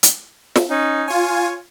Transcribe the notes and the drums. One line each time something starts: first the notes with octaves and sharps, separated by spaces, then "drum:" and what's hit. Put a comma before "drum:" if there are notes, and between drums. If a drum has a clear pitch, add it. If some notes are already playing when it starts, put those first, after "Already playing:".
drum: hi-hat
drum: snare
C#4 D#4
F4 C#5 G#5